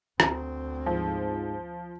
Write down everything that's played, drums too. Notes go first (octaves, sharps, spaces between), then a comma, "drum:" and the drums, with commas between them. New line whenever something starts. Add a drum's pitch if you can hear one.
D2 C4, drum: rim click
G#2 F3